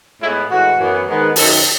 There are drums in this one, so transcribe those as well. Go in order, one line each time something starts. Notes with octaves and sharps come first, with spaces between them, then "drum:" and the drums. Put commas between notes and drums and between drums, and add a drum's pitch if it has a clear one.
A2 G#3 B3 E4
A2 E3 G#3 F#4
F#2 E3 B3
G#2 D#3 G#3 B3
F#2 D#3 A3 A4, drum: open hi-hat